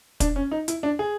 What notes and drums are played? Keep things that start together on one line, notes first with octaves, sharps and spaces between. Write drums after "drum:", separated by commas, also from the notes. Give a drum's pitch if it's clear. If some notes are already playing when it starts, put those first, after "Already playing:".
D4, drum: kick, hi-hat
C#4
D#4
E4, drum: hi-hat
D4
G#4